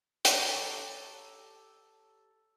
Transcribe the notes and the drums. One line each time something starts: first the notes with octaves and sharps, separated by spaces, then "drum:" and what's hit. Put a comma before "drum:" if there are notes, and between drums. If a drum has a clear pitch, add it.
G4 A4 C#5 A#5, drum: hi-hat